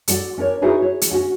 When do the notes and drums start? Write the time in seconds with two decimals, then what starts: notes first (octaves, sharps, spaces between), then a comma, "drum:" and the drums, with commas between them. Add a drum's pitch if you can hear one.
0.08 F#4 A4 D5 F#5, drum: hi-hat
0.38 C#4 D4 A#4 C#5
0.62 D#4 E4 F#4 G#4 B4 C#5
0.82 C#5
1.02 drum: hi-hat
1.11 C#4 F#4 F#5